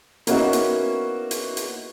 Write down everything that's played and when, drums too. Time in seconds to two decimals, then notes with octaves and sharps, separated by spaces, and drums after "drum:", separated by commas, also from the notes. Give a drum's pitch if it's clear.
0.27 A#3 B3 C#4 D#4 E4 F#4, drum: hi-hat
0.53 drum: hi-hat
1.31 drum: hi-hat
1.57 drum: hi-hat